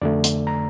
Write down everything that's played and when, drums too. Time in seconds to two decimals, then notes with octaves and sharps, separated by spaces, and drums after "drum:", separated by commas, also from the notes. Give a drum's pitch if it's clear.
0.02 F2 D3 A3 D5
0.24 drum: hi-hat
0.47 A#5